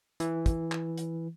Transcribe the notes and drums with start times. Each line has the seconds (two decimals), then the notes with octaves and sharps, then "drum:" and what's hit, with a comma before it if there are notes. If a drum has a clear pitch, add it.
0.20 E3, drum: hi-hat
0.46 drum: kick, hi-hat
0.72 drum: clap
0.98 drum: hi-hat